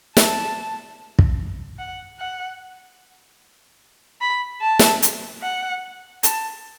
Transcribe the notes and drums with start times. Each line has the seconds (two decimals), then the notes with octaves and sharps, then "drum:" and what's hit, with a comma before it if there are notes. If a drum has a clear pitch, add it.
0.17 A5, drum: snare
1.19 drum: kick
1.79 F#5
2.19 F#5
4.21 B5
4.61 A5
4.79 drum: snare
5.02 drum: hi-hat
5.42 F#5
6.23 A5, drum: hi-hat